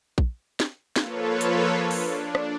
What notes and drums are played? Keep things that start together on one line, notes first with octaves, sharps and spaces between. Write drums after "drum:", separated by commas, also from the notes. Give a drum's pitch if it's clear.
drum: kick A#1
drum: snare
F3 A#3 F4 A4 B4 C#5, drum: snare
drum: hi-hat
D4, drum: open hi-hat
drum: rim click